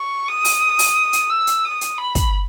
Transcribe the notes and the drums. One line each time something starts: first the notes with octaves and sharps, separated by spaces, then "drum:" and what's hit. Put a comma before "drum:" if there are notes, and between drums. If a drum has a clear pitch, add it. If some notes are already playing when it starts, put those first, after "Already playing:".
Already playing: C#6
D#6
drum: open hi-hat
drum: open hi-hat
drum: hi-hat
E6
drum: hi-hat
D#6
drum: hi-hat
B5
drum: kick, hi-hat